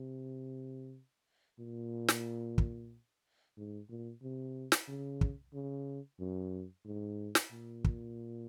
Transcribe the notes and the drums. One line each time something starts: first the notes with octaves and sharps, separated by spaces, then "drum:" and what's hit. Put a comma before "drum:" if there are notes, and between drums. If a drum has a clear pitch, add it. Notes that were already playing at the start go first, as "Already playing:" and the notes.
Already playing: C3
A#2
drum: snare
drum: kick
G#2
A#2
C3
drum: snare
C#3
drum: kick
C#3
F#2
G#2
drum: snare
A#2
drum: kick